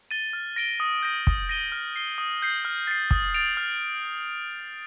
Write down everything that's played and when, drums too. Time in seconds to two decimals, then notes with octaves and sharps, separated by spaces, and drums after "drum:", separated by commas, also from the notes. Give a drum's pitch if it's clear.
0.11 A6 D#7 G7
0.33 F6
0.56 A#6 D7 G7
0.80 D#6
1.03 G6 A#6 D#7
1.27 D#6, drum: kick
1.49 A#6 D#7 G7
1.72 F6
1.96 C7 G7
2.18 D#6
2.42 G6 C7
2.65 F6
2.87 A6 C7
3.11 D#6, drum: kick
3.34 A6 D7 F7
3.57 F6